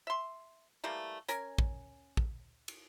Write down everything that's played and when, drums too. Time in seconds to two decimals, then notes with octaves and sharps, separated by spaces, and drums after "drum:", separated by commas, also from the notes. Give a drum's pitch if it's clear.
0.07 E5 C6
0.84 E3 G3 A3 A#3
1.28 C#4 A#4 G#5, drum: hi-hat
1.58 drum: kick
2.17 drum: kick
2.68 drum: cymbal